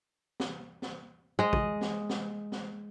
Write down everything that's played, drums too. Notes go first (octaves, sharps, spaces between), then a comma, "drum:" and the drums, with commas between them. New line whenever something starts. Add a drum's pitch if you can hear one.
drum: snare
drum: snare
G#3 D#5
drum: kick
drum: snare
drum: snare
drum: snare